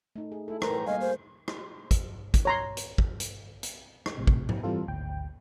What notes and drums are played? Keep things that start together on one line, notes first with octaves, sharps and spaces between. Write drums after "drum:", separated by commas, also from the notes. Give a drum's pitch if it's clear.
A3 D#4
G#4
A3 E4 A4
A2 E3 A#4 C5 A#5, drum: rim click
G3 A#3 D#5 F5 G#5
A#3 C5
drum: rim click
drum: kick, hi-hat
drum: kick, hi-hat
C#5 A#5 C6
drum: hi-hat
drum: kick
drum: hi-hat
drum: hi-hat
drum: rim click
A#1 A2 C3
drum: kick
drum: tom G#2
E3 G3 C4 F4 A4
G#1 D2 G5